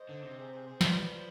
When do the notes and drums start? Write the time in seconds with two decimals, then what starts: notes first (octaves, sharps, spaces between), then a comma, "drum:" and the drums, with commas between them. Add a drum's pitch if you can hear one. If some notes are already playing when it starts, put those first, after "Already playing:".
Already playing: C5 D#5
0.09 D3
0.23 C3
0.37 G#4 C5
0.52 G#4 C5
0.67 G#4 C5
0.81 F3 B4 D5, drum: snare
0.91 G3
1.02 F3